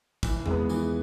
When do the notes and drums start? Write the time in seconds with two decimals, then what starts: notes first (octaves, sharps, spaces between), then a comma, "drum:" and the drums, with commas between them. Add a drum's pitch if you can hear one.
0.23 E3, drum: kick, tambourine
0.46 G#3, drum: tom E2
0.51 B3
0.69 E3, drum: tambourine